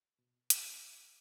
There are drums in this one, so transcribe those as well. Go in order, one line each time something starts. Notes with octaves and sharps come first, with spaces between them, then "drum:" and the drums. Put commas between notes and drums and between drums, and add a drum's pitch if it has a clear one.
B2
F2, drum: hi-hat
C#4
E5
G5